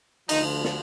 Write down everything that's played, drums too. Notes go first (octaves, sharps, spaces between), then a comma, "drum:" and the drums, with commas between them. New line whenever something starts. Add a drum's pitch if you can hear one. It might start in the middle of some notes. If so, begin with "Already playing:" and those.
D2 D3 D#3 F3 D#4, drum: cymbal
drum: snare